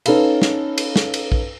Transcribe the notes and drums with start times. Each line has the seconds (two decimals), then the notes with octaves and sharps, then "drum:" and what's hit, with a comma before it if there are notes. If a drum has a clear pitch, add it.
0.06 C#4 D#4 A4 B4 F5, drum: cymbal
0.42 drum: snare
0.78 drum: cymbal
0.96 drum: snare
1.14 drum: cymbal
1.32 drum: kick